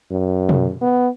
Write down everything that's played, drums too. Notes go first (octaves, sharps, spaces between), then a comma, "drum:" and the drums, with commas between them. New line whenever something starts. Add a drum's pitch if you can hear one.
F#2
drum: tom B2
B3